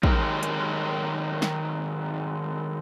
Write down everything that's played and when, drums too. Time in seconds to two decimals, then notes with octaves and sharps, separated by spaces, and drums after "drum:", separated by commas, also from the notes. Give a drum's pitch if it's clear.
0.03 D#3 F#3 G#3 G4 A#4, drum: kick
0.43 drum: hi-hat
1.42 drum: snare